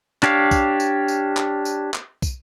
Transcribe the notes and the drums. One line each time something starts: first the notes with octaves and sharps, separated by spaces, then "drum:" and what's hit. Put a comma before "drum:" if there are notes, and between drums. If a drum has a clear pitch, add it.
D4 G4 C#5 F5, drum: clap
drum: kick, tambourine
drum: tambourine
drum: tambourine
drum: clap
drum: tambourine
drum: clap
drum: kick, tambourine